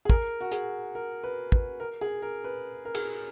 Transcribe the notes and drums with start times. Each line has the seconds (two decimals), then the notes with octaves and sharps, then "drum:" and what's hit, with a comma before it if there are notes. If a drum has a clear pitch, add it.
0.05 G#4
0.10 A#4, drum: kick
0.41 F#4
0.52 G#4, drum: hi-hat
0.95 A#4
1.24 B4
1.52 B4, drum: kick
1.80 A#4
2.01 G#4
2.22 A#4
2.44 B4
2.85 A#4
2.95 G#4, drum: cymbal